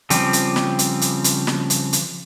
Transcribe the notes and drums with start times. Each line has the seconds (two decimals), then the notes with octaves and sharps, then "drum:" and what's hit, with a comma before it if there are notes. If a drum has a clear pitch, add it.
0.10 C#3 F3 G3 C4, drum: hi-hat
0.33 drum: hi-hat
0.56 drum: snare
0.79 drum: hi-hat
1.01 drum: hi-hat
1.24 drum: hi-hat
1.47 drum: snare
1.70 drum: hi-hat
1.93 drum: hi-hat